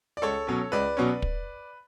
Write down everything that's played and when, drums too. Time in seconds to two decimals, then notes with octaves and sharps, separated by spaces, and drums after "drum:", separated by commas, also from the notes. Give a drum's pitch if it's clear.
0.17 D5
0.22 C#2 A4 C#5
0.47 B2 F#3 C#4
0.72 C#2 B4 D5
0.97 B2 F#3 C#4
1.22 drum: kick